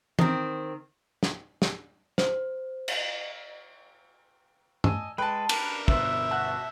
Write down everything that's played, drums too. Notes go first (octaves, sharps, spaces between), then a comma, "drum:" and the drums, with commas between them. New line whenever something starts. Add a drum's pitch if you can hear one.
D#3 C4, drum: tom
drum: snare
drum: snare
C5, drum: snare
drum: cymbal
D#5 G#5 A5 E6, drum: tom G2
G#3 B4 G5 A5
D4 A#4 B4 D5, drum: cymbal
G1 B2 B3 B4 C5 E5, drum: kick
F#4 A5 F#6